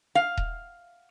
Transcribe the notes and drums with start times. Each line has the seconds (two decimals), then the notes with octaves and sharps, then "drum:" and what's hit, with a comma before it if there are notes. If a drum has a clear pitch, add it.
0.15 F5
0.37 drum: kick D#1